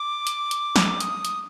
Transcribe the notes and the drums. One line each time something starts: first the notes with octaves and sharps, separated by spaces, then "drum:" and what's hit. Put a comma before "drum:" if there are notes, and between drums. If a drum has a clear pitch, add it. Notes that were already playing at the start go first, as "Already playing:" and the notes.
Already playing: D6
drum: hi-hat
drum: hi-hat
drum: snare
D#6, drum: hi-hat
drum: hi-hat